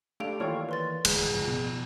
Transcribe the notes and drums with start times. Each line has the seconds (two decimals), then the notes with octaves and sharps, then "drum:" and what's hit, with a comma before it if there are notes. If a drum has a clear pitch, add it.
0.20 A3 D4 G4 F5 D7 F7
0.40 D#2 E3 A3 F4 C#5 D5 F5 G5
0.69 B4 C6 A6
1.05 D1 G#3 F#6, drum: cymbal
1.34 F#1 G#2 F3
1.47 B2 F3 B3